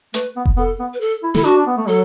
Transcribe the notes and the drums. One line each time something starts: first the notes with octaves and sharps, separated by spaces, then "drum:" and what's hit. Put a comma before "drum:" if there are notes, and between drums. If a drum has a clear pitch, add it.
A3 B4, drum: hi-hat
B3
drum: kick F1
B3 A4
B3
B4
A4
E4
E4 A4, drum: snare
D4 F#4
D4
B3
A3
F#3 A4